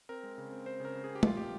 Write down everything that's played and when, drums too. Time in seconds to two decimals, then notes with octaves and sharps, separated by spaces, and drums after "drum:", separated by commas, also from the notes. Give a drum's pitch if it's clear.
0.09 C4 A#4
0.23 G#3
0.38 C#3
0.51 C4
0.66 C4 C5
0.80 C#3 A#4
0.95 C#3
1.04 G#4
1.10 C4
1.15 G4
1.23 A#2 F4, drum: tom
1.37 F3 G4